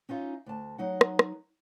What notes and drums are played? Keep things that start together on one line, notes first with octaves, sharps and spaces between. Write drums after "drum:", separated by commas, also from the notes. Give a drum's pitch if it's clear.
C#4 D#4 F4 E5
D2 A5
F#3 D#4 F#5
drum: rim click
drum: rim click